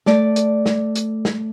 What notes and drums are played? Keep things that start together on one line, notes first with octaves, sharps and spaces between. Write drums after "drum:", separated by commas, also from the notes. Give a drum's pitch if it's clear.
A3 D5, drum: snare
drum: hi-hat
drum: snare
drum: hi-hat
drum: snare